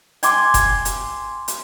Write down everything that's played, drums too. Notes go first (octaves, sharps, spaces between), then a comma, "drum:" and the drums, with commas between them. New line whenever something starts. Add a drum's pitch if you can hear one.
G#5 C6 D6, drum: hi-hat
drum: kick F1, hi-hat
drum: hi-hat
drum: hi-hat